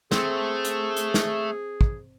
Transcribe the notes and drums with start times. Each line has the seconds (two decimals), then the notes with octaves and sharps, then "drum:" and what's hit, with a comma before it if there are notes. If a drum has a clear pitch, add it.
0.12 A3 C4 G#4, drum: snare
0.65 drum: hi-hat
0.97 drum: hi-hat
1.14 drum: snare
1.81 drum: kick